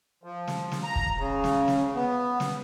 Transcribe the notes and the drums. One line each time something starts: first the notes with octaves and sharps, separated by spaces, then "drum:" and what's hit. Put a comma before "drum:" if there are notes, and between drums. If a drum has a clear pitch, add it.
F3
drum: snare
drum: snare
A#5
drum: kick
C#3
drum: snare
drum: snare
B3
drum: snare